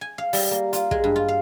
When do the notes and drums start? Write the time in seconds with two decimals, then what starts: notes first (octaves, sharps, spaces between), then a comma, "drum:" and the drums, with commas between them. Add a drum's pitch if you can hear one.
0.01 G#5
0.18 F5
0.33 G3, drum: open hi-hat
0.51 A#3
0.73 F4, drum: hi-hat
0.91 G#3, drum: kick
1.04 G2
1.16 F4
1.28 F5